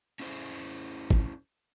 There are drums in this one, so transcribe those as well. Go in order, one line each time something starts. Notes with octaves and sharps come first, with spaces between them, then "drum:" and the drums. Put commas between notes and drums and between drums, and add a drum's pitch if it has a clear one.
C#4 E4 G#4 C5
drum: kick